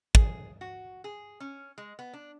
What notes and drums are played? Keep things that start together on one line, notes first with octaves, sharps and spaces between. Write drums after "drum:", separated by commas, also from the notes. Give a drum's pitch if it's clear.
G#4, drum: kick
F#4
G#4
C#4
G#3
B3
D4